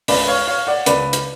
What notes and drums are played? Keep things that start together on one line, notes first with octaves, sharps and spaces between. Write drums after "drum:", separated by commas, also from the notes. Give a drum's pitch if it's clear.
C#2 C#3 B4 D5, drum: open hi-hat
C#5 F5
C#5 F5
D5 F#5
C#2 C#3 B4 D5, drum: hi-hat
drum: hi-hat